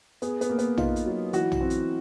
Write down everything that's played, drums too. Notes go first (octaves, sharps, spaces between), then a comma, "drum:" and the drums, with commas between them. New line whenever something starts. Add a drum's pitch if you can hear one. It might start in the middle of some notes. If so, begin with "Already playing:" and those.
B3 G#4, drum: hi-hat
B3, drum: hi-hat
A#3
B3, drum: hi-hat
D#4 F4, drum: tom
drum: hi-hat
F#3
E3 F#4, drum: hi-hat
drum: tom
C4
drum: hi-hat